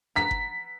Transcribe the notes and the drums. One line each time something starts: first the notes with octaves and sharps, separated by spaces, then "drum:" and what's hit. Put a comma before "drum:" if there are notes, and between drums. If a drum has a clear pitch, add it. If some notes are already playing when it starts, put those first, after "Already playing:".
B4 F#5 A#5 B6
drum: kick G1